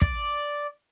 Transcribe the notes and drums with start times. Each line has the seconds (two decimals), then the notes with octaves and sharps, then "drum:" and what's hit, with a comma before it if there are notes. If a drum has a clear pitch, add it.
0.02 D5, drum: kick